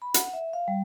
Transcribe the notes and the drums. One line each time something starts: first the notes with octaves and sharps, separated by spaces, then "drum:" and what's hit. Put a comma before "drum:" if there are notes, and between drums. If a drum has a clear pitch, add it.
B5
F#5, drum: hi-hat
E5
F5
G3